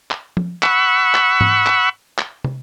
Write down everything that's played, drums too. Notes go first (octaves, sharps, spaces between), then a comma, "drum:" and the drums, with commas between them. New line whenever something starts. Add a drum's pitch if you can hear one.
drum: clap
drum: tom F3
F#5 B5 C#6 E6, drum: clap
drum: clap
drum: tom G#2
drum: clap
drum: clap
drum: tom